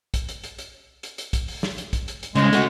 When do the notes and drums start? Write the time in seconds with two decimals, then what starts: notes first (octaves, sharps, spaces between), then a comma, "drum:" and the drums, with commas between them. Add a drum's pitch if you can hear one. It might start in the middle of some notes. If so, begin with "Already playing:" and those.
0.14 drum: kick, hi-hat
0.29 drum: hi-hat
0.44 drum: hi-hat
0.58 drum: hi-hat
1.03 drum: hi-hat
1.18 drum: hi-hat
1.33 drum: kick, hi-hat
1.48 drum: open hi-hat
1.63 drum: snare
1.78 drum: hi-hat
1.93 drum: kick, hi-hat
2.08 drum: hi-hat
2.23 drum: hi-hat
2.35 C2 C#3 G#3, drum: hi-hat
2.53 A3 F#4, drum: hi-hat